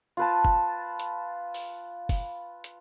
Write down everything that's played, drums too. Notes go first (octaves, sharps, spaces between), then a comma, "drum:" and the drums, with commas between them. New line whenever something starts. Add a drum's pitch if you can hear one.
F4 B4 A5
drum: kick
drum: hi-hat
drum: open hi-hat
drum: kick, open hi-hat
drum: hi-hat